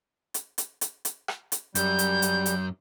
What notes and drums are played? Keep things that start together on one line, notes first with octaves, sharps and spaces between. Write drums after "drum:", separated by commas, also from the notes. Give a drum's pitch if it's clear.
drum: hi-hat
drum: hi-hat
drum: hi-hat
drum: hi-hat
drum: rim click
drum: hi-hat
F#2 G3 G6, drum: hi-hat
drum: hi-hat
drum: hi-hat
drum: hi-hat